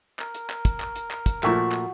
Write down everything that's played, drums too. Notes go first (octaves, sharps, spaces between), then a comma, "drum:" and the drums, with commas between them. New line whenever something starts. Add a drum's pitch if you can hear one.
A#4, drum: clap
drum: hi-hat
drum: clap
drum: kick, hi-hat
drum: clap
drum: hi-hat
drum: clap
drum: kick, hi-hat
A#2 F3 A3 F#4 E5, drum: clap
drum: clap